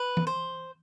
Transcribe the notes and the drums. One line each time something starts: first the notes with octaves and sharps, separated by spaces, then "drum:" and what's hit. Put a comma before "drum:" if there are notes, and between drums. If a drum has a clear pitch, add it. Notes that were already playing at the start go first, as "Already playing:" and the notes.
Already playing: B4
drum: tom E3
C5